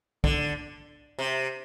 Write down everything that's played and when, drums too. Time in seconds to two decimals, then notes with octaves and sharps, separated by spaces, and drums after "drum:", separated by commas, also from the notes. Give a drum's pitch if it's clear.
0.24 D3, drum: kick
1.19 C3